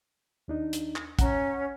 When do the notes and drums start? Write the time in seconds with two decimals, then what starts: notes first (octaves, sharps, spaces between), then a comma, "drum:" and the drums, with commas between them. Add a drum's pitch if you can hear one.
0.48 D#2 D4 D#4
0.73 drum: hi-hat
0.96 drum: clap
1.19 C#4 F#5 A#5, drum: kick, hi-hat